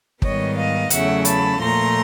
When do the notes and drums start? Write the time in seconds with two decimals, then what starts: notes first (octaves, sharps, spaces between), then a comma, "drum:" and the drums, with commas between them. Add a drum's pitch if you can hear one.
0.22 G#2 D#3 G3 B3 C#5 D#5, drum: kick
0.56 D#5 F5
0.90 E2 C#3 F#3 A3 E5 F#5, drum: hi-hat
1.25 A5 B5, drum: hi-hat
1.59 A#2 F3 A3 A#5 C6